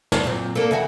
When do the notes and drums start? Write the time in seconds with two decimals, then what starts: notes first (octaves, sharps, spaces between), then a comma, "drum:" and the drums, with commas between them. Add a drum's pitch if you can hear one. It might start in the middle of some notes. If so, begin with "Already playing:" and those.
0.12 drum: snare
0.24 A#2 F#3 C4
0.55 A#3 D4 A4
0.71 C#3 E3 F#4